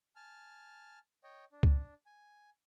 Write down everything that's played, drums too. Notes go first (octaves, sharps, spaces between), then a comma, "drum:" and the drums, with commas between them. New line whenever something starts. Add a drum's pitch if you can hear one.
G#5 A5 F6
C#5 D#5 G5
D4
drum: kick C#2
G#5